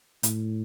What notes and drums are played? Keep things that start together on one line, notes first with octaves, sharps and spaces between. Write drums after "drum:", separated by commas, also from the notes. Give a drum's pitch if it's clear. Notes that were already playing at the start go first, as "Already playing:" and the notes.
A2, drum: hi-hat